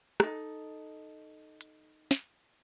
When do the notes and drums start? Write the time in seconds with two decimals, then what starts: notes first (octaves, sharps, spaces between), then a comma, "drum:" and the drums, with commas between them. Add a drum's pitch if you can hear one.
0.20 D#4 A4, drum: rim click
1.61 drum: hi-hat
2.11 drum: snare